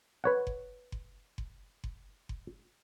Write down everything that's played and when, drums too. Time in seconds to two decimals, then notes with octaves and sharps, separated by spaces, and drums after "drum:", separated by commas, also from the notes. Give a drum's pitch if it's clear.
0.24 B4 C#5 F#5
0.47 drum: kick F#1
0.92 drum: kick F#1
1.38 drum: kick F#1
1.84 drum: kick F#1
2.29 drum: kick F#1